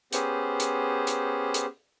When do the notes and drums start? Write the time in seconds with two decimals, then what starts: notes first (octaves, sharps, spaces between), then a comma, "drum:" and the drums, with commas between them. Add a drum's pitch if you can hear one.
0.13 B3 C#4 G4 G#4 C5, drum: hi-hat
0.60 drum: hi-hat
1.07 drum: hi-hat
1.54 drum: hi-hat